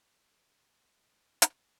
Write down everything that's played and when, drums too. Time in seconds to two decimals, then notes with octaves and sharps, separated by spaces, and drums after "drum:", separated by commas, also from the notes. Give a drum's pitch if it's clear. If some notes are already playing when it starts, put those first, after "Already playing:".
0.21 A3 D6
0.70 G#3 B4 C6
1.42 drum: hi-hat